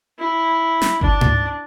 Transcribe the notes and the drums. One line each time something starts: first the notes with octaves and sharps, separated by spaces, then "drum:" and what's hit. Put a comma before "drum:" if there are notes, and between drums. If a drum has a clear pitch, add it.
E4
drum: snare
D4 A5, drum: kick G1
drum: tom G#2